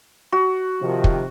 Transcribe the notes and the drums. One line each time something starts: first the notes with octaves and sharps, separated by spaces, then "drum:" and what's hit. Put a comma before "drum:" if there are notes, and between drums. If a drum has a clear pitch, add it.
F#4
C3 D#3 F3
drum: kick